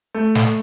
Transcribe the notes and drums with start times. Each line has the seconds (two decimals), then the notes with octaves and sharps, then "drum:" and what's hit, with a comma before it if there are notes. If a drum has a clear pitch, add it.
0.15 A3
0.35 drum: snare